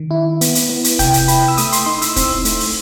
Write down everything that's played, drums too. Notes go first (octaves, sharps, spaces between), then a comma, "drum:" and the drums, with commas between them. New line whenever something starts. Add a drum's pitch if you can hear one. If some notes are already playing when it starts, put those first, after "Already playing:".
Already playing: D#3
E4
B3, drum: hi-hat
drum: hi-hat
B3
drum: hi-hat
C3 G5, drum: kick E1, hi-hat
drum: hi-hat
E4 B5, drum: hi-hat
E6
A3 D#6, drum: hi-hat
C6, drum: hi-hat
D#4 C6
E6, drum: hi-hat
C4, drum: kick E1, hi-hat
A3, drum: hi-hat
drum: open hi-hat